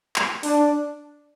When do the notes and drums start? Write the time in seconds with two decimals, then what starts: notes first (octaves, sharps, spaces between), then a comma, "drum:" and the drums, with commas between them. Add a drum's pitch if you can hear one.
0.16 drum: clap
0.43 D4, drum: open hi-hat